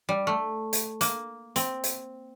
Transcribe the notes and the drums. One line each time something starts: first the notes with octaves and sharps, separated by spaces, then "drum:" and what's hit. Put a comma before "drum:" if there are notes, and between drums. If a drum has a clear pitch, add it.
G3
A3
drum: hi-hat
A#3, drum: hi-hat
C4, drum: hi-hat
drum: hi-hat